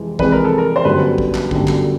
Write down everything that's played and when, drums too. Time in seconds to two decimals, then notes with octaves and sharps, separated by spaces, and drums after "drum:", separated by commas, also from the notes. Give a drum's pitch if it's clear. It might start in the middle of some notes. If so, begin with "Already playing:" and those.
Already playing: F2 C3 E3 G#3
0.19 F2 C3 E3 G#3 B4, drum: kick
0.32 A#4
0.45 A4
0.58 A#4
0.76 C5
0.85 G1 F#2 D3 G3 B4
1.18 drum: kick
1.35 drum: clap
1.51 G1 F#2 D3 G3, drum: kick
1.68 drum: clap